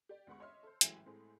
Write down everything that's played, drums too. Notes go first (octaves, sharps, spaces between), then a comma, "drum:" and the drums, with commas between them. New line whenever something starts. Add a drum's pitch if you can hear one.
G4 D5
D2 G#3 B3 F#5 B5 C#6
C#5 D#5 E5 C6 F6
A4 C5
A1 A2 F#3 G#3 E5 G#5, drum: hi-hat
A2 G#3 A3 C4 G#4